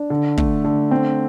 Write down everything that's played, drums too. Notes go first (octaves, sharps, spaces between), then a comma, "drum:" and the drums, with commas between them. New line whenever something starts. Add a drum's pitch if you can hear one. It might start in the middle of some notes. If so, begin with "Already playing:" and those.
Already playing: D4
D3
A3, drum: kick
D3
C4